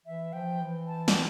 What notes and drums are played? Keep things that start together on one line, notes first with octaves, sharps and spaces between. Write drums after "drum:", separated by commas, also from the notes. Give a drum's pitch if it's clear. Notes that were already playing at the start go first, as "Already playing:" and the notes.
E3 E5
F3 G5
E3
A5
drum: snare